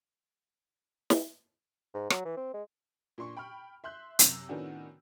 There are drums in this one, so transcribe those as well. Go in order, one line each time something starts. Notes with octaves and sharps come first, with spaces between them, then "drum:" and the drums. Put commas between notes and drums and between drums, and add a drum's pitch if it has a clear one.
drum: snare
G#2
F#3, drum: rim click
E3
C4
G#3
A#2 D4 C6 C#6
G5 B5 C#6 F6
E5 C6 F#6 G6
F#2 C3 E6 G6 A#6, drum: hi-hat
A2 D#3 B3 C#4 D4 F#4